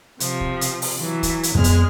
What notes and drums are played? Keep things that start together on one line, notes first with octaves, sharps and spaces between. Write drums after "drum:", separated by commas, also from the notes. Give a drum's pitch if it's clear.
C3 F3, drum: hi-hat
drum: kick
drum: hi-hat
drum: open hi-hat
E3 F#3
drum: kick, hi-hat
drum: hi-hat
F2 A#2 G#3 B3 F6
drum: kick, hi-hat